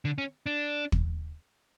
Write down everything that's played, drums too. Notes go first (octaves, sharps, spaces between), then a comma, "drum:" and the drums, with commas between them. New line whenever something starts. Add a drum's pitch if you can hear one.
D3
C#4
D4
drum: kick